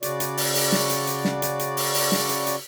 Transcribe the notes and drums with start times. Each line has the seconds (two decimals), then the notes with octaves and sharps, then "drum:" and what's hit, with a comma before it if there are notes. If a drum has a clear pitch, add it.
0.03 C#3 F#4 D5, drum: hi-hat
0.20 drum: hi-hat
0.37 drum: open hi-hat
0.55 drum: open hi-hat
0.72 drum: snare
0.90 drum: hi-hat
1.07 drum: hi-hat
1.25 drum: snare
1.42 drum: hi-hat
1.59 drum: hi-hat
1.77 drum: open hi-hat
1.94 drum: open hi-hat
2.12 drum: snare
2.29 drum: hi-hat
2.47 drum: hi-hat